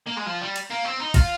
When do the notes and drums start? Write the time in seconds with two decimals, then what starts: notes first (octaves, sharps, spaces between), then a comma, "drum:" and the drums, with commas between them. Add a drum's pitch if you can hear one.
0.06 A#3
0.16 G#3
0.26 F3
0.41 G3
0.56 drum: cymbal
0.70 A#3
0.84 C4
1.00 D#4
1.14 F4, drum: kick, cymbal